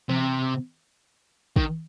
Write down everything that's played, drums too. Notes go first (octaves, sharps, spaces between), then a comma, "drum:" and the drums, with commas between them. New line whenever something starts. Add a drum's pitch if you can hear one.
C3, drum: tom E3
D#3, drum: kick